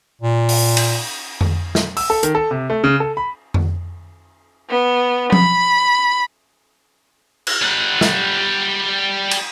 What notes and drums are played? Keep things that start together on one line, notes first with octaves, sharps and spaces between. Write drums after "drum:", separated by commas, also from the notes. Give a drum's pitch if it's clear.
A#2
drum: open hi-hat
drum: cymbal
drum: tom F2
drum: snare
E6, drum: open hi-hat
A4
D#3, drum: hi-hat
A4
C3
A3
C#3
A4
B5
drum: tom F2
B3
B5, drum: tom F3
drum: cymbal
G3 F#5
drum: snare
drum: cymbal